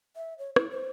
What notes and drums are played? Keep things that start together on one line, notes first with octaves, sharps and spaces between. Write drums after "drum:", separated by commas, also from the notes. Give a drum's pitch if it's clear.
E5
C#5
E4, drum: rim click
C5